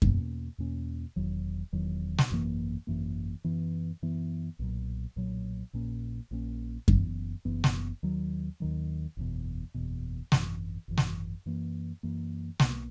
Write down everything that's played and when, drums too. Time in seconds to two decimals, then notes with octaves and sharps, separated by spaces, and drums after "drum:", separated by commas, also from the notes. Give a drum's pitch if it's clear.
0.02 E2 B2 A#3 C#4, drum: kick F#2
0.58 E2 B2 A#3 C#4
1.16 E1 E2 D#3 F#3
1.73 E1 E2 D#3 F#3
2.18 drum: snare
2.30 G#1 F#2 E3 A#3
2.87 G#1 F#2 E3 A#3
3.44 F#2 E3 B3
4.02 F#2 E3 B3
4.59 B1 A#2 F#3
5.16 B1 A#2 F#3
5.73 A#1 A#2 A#3 C#4
6.31 A#1 A#2 A#3 C#4
6.88 F#1 F#2 E3 B3, drum: kick F#2
7.45 F#1 F#2 E3 B3
7.64 drum: snare
8.03 D#2 D#3 F#3
8.60 D#2 D#3 F#3
9.17 F#1 E2 B2
9.74 F#1 E2 B2
10.32 G#1 F#2 E3, drum: snare
10.88 G#1 F#2 E3
10.97 drum: snare
11.46 F#2 E3 A#3
12.03 F#2 E3 A#3
12.60 B1 B2 A#3, drum: snare